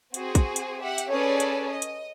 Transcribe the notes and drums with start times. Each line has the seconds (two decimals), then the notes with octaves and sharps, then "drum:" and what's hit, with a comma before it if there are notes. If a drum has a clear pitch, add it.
0.14 C4 F#4 G#4 C5, drum: hi-hat
0.35 drum: kick, hi-hat
0.56 drum: hi-hat
0.81 G4 E5 F#5
0.98 drum: hi-hat
1.11 C#4 G#4 A4 B4 C#5 D5
1.40 drum: hi-hat
1.70 D#5
1.82 drum: hi-hat